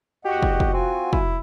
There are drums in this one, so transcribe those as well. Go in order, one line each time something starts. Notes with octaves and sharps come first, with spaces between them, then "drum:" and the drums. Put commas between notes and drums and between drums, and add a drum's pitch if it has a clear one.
E2 F#4 G4 D#5 F#5
drum: kick
drum: kick
C4 F4 G#5
E4, drum: kick